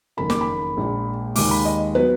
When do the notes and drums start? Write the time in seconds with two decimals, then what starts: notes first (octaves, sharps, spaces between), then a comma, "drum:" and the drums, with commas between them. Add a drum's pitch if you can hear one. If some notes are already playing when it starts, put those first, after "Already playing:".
0.17 F#1 F2 D#3 A#3 B5
0.30 D6, drum: snare
0.41 B5
0.77 A#1 A#2 G#3
1.36 D#2 D#3 G#3 D6, drum: open hi-hat
1.51 B5
1.65 D#5
1.95 F#3 B3 B4